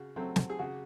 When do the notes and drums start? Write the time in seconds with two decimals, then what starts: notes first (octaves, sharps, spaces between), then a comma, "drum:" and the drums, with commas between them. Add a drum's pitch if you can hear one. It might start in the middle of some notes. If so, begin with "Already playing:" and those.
Already playing: C#3 F#4
0.16 F#3 A3 C4
0.36 drum: snare
0.50 G#4
0.59 C#3 F#4